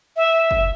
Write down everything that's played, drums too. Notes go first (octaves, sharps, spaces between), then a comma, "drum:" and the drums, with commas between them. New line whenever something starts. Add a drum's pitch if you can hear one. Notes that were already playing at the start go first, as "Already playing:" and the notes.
E5
drum: kick